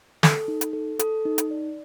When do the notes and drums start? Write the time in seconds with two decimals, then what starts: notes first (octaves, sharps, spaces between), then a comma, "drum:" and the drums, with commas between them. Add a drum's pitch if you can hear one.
0.23 A4, drum: snare
0.48 D#4
0.61 drum: hi-hat
0.73 A4
0.99 A4, drum: hi-hat
1.25 D#4
1.38 drum: hi-hat
1.51 D5